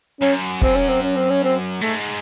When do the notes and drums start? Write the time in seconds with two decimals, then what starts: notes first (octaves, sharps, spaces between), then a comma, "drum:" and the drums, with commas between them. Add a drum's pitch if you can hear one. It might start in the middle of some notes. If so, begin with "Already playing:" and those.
0.21 F#2 C#4
0.62 C4, drum: kick
0.75 C#4
0.88 C4
1.02 C#4
1.16 C4
1.30 C#4
1.44 C4
1.81 G#2 A3